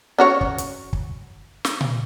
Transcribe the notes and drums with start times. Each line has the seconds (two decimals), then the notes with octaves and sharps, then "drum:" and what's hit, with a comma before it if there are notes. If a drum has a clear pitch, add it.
0.18 C#4 F#4 C#5
0.41 drum: kick
0.58 drum: hi-hat
0.93 drum: kick
1.65 drum: snare
1.81 drum: tom A#2